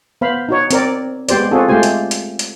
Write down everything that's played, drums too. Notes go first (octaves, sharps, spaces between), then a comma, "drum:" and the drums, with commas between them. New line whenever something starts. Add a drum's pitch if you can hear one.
B3 C5 F5 B5
D#4 F#4 C#5
C4 A#4 D5, drum: hi-hat
G#3 B3 G4 C5 D5, drum: hi-hat
C4 F4 F#4 G#4 A4
G#3 A3 F4 G4 C5 G#5
drum: hi-hat
drum: hi-hat
drum: hi-hat